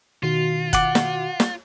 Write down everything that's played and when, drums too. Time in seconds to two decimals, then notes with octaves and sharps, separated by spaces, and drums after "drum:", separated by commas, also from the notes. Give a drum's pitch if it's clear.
0.23 B2 D#3 F4 F#4
0.73 F#5 D6, drum: kick F#1, hi-hat
0.95 drum: snare
1.40 drum: snare